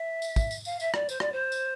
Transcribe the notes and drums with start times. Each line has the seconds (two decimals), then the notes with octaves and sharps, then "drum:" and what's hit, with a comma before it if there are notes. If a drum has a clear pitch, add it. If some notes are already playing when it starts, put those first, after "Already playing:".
Already playing: E5
0.22 drum: tambourine
0.36 drum: kick, tambourine
0.51 drum: tambourine
0.65 F5, drum: tambourine
0.80 E5, drum: tambourine
0.94 D5, drum: rim click
1.09 C5, drum: tambourine
1.20 D5, drum: rim click
1.32 C5
1.52 drum: tambourine